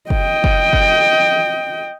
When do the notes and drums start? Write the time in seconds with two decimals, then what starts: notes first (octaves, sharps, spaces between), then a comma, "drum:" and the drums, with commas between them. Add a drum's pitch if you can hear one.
0.10 D#5 G5, drum: kick F#1
0.44 drum: kick F#1
0.73 drum: kick F#1